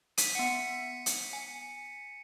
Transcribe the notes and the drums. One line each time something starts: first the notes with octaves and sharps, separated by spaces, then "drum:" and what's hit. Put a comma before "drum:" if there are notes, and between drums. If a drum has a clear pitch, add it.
B6 D#7, drum: hi-hat
B3 F#5 C#7
drum: hi-hat
G#5